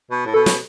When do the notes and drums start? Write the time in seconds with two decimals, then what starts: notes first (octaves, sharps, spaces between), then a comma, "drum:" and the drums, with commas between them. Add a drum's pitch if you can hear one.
0.11 B2
0.26 A2
0.33 B2 A4
0.46 drum: snare